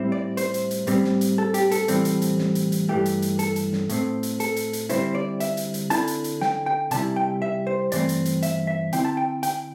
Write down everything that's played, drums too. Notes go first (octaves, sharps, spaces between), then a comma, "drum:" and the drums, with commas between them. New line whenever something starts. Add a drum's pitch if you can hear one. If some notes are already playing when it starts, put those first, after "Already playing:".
Already playing: A2 G3 C4 E4
D5
C5, drum: hi-hat
drum: hi-hat
drum: hi-hat
A2 G3 C4, drum: hi-hat
drum: snare
drum: hi-hat
A4
G4, drum: hi-hat
A4, drum: hi-hat
A2 E3 G3 C4, drum: hi-hat
drum: hi-hat
drum: hi-hat
drum: snare
drum: hi-hat
drum: hi-hat
G2 E3 A3 G4
drum: hi-hat
drum: hi-hat
A4, drum: hi-hat
drum: hi-hat
drum: snare
A2 A3 C4, drum: hi-hat
drum: hi-hat
A4, drum: hi-hat
drum: hi-hat
drum: hi-hat
D3 G3 C4 E4 C5, drum: hi-hat
D5
E5, drum: hi-hat
drum: hi-hat
drum: hi-hat
D3 C4 E4 A5, drum: hi-hat
drum: hi-hat
drum: hi-hat
G5, drum: snare
G5
C3 G3 E4 A5, drum: hi-hat
G5
E5
C5
G2 E3 A3 C4 D5, drum: hi-hat
drum: hi-hat
drum: hi-hat
E5, drum: hi-hat
E5
D3 C4 E4 G5, drum: hi-hat
A5
G5
G5, drum: hi-hat